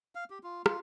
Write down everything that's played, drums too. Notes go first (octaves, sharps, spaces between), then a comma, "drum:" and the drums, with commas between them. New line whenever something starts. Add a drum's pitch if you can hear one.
F5
G4
F4
F4, drum: rim click